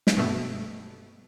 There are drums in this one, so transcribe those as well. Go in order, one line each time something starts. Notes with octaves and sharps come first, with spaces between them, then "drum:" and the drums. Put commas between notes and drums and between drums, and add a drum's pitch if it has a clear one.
drum: snare
G2 B2 A3